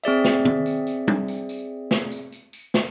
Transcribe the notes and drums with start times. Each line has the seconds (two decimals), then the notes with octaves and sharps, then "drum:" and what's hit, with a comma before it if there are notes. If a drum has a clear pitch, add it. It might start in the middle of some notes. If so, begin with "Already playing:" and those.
0.04 C4 G#4 D5 E5, drum: tambourine
0.24 drum: snare
0.45 drum: tom
0.66 drum: tambourine
0.87 drum: tambourine
1.08 drum: tom
1.28 drum: tambourine
1.49 drum: tambourine
1.91 drum: snare
2.12 drum: tambourine
2.32 drum: tambourine
2.53 drum: tambourine
2.74 drum: snare